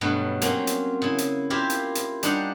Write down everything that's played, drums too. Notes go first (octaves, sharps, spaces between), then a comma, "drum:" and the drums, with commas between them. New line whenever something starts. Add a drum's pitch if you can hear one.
G2 B2 F#3 A3
F#3 A#3 C4 C#4, drum: hi-hat
drum: hi-hat
C#3 E4
drum: hi-hat
E4 F4 G4 A#4 C5 E5
drum: hi-hat
drum: hi-hat
G3 D4 D#4 F5 F#5, drum: hi-hat